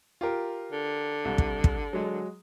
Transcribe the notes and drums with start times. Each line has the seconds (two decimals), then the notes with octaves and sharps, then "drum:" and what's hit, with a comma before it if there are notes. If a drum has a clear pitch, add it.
0.21 F4 G4 A#4
0.72 D3
1.25 C2
1.38 drum: kick
1.64 drum: kick
1.93 F#3 G#3